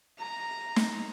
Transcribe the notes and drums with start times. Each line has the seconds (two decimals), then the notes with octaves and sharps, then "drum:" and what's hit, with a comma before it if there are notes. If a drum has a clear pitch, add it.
0.20 A#5
0.76 drum: snare